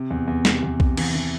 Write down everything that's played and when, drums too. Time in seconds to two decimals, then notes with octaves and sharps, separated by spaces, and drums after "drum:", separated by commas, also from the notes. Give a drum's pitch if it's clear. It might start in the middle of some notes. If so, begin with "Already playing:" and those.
Already playing: C3
0.10 E2
0.28 E2
0.45 C3, drum: snare
0.63 E2
0.80 C3, drum: kick B1
0.97 E3, drum: cymbal
1.15 E3